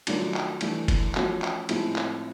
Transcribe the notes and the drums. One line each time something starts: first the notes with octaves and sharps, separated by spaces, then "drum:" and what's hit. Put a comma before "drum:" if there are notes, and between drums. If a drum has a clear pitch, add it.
D#3 F#3 A3 D4 F4, drum: cymbal
drum: clap
E3 A3 D4, drum: cymbal
drum: kick F#1, cymbal
F3 A3 C#4 F#4, drum: clap
drum: clap
A2 F3 G#3 C4 E4, drum: cymbal
drum: clap